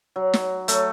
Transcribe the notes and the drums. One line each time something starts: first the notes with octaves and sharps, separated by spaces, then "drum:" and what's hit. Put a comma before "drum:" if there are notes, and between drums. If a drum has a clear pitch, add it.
F#3
drum: snare
F#3 A3, drum: hi-hat